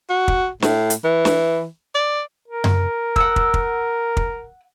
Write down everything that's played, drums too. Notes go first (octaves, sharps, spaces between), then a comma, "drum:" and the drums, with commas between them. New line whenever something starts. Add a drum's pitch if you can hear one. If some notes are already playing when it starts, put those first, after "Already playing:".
F#4
drum: kick
A2, drum: snare
drum: hi-hat
E3
drum: snare
D5
A#4
drum: tom F#2
F#5 E6, drum: kick
drum: kick
drum: kick
drum: kick